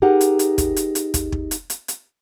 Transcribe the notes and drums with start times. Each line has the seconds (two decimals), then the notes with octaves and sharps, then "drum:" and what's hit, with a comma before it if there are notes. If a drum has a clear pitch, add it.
0.02 D#4 G4 G#4 A#4 F#5
0.21 drum: hi-hat
0.39 drum: hi-hat
0.58 drum: kick, hi-hat
0.76 drum: hi-hat
0.95 drum: hi-hat
1.14 drum: kick, hi-hat
1.32 drum: kick
1.51 drum: hi-hat
1.70 drum: hi-hat
1.88 drum: hi-hat